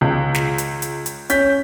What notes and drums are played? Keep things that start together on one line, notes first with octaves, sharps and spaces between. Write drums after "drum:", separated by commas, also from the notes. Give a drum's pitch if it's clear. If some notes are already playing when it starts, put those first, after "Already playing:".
C#2
drum: snare
drum: hi-hat
drum: hi-hat
drum: hi-hat
C#4 G6 B6, drum: hi-hat